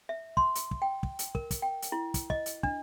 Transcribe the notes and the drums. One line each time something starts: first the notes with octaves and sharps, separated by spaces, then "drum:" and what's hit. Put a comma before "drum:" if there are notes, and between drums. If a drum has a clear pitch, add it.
E5
C6, drum: kick
drum: hi-hat
drum: kick
G5
drum: kick
drum: hi-hat
A#4, drum: kick
drum: kick, hi-hat
G5
drum: hi-hat
E4
drum: kick, hi-hat
D#5, drum: kick
drum: hi-hat
D4, drum: kick